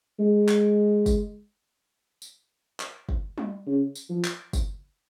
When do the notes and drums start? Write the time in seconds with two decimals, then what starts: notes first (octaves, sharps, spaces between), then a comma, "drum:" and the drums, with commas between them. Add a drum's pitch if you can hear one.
0.19 G#3
0.48 drum: clap
1.06 drum: kick, tambourine
2.22 drum: tambourine
2.80 drum: clap
3.09 drum: kick
3.38 drum: tom G3
3.67 C#3
3.95 drum: tambourine
4.09 F3
4.24 drum: clap
4.53 drum: kick, tambourine